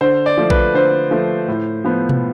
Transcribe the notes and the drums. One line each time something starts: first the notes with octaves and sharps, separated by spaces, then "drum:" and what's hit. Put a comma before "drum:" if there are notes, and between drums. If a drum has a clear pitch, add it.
D3 C5
D5
F3 A3
B4, drum: kick A#1
D3 C5
F3 A3
A2
F3 B3
drum: tom B2